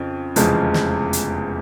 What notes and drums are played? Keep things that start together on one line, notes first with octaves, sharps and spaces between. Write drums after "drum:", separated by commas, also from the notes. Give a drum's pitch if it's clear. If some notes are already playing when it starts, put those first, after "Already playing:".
Already playing: F2 C#3
F1 E2 C#3 F3 G#3, drum: hi-hat
drum: snare
drum: hi-hat